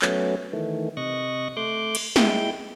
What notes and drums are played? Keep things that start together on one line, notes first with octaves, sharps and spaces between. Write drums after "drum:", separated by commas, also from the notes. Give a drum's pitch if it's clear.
F#3 A3 B3 C#4, drum: clap
D#3 E3 A3
C3 D#5 C#6 F#6 A#6
A3 C6 D6 F#6 G6
drum: cymbal
G#3 E4 G5 G6, drum: snare